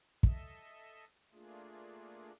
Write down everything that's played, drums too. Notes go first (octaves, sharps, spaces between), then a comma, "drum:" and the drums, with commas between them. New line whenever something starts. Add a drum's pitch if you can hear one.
A4 D#5 E5, drum: kick
A3 A#3 D4 F4 G#4